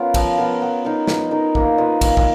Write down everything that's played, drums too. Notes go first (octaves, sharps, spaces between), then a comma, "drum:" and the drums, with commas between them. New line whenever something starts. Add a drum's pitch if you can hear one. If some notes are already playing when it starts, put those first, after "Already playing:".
Already playing: B3 C#4 F4 A#4
F3, drum: kick, cymbal
B3 F4 A#4
B3
D#4 A#4
B3, drum: snare
D#4 A#4
A#3, drum: kick
F4 B4 D#5
A#3, drum: kick, cymbal
drum: kick